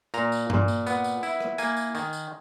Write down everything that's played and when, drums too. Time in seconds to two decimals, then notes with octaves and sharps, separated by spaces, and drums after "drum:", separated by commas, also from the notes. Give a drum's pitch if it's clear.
0.14 A#2 A#5, drum: tambourine
0.32 drum: tambourine
0.50 A#2, drum: tom G2
0.68 drum: tambourine
0.87 B3, drum: tambourine
1.04 drum: tambourine
1.23 E4, drum: tambourine
1.40 drum: rim click
1.58 A#3 G#5, drum: tambourine
1.77 drum: tambourine
1.95 D#3, drum: tambourine
2.13 drum: tambourine